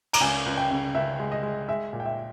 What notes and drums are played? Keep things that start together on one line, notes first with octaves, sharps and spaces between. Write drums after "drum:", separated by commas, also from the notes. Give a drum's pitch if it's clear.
A#5, drum: cymbal
C#2 G#5
C#2
G5
C#3
C#2 E5
G#3
D#5
G#3
G#3 E5
A#2
G5
E5